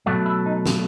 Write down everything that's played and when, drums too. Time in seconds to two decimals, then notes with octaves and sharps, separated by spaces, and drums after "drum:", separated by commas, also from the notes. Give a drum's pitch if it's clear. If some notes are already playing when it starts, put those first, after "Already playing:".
0.06 B2 F#3 A3 F#4
0.26 E4
0.46 D#4
0.66 drum: snare